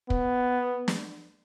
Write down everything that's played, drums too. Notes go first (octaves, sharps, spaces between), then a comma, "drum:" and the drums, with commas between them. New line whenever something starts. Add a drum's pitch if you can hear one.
B3, drum: kick
drum: snare